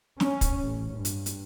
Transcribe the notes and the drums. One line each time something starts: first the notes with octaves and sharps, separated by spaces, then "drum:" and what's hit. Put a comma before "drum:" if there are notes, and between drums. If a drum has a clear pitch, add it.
C#4, drum: snare
drum: kick, hi-hat
A1
G2
drum: hi-hat
drum: hi-hat